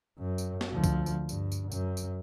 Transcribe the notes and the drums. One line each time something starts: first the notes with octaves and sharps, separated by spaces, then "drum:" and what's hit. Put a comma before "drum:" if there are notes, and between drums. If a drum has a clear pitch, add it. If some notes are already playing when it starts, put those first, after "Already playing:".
F#2
drum: tambourine
drum: snare
D2 F3
drum: kick, tambourine
drum: tambourine
G2, drum: tambourine
drum: tambourine
F#2, drum: tambourine
drum: tambourine